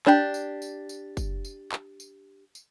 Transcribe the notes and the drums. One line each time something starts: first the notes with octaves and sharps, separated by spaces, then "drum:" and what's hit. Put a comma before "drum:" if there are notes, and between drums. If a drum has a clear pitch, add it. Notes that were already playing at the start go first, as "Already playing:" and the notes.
D4 G4, drum: clap
drum: tambourine
drum: tambourine
drum: tambourine
drum: kick, tambourine
drum: tambourine
drum: clap
drum: tambourine
drum: tambourine